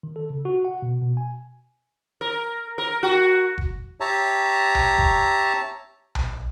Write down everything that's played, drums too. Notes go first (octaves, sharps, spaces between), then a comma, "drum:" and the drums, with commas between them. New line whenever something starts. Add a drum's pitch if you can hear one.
D#3
A4
C#3
F#4
F#5
B2
B2
G#5
A#4
A#4
F#4
drum: kick F#1
G4 C#5 E5 A5 A#5
drum: tom B1
drum: kick F#1
drum: tom B1